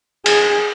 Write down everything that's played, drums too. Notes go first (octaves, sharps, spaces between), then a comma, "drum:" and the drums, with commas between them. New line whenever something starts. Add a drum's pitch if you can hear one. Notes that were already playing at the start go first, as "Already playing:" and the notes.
G#4, drum: cymbal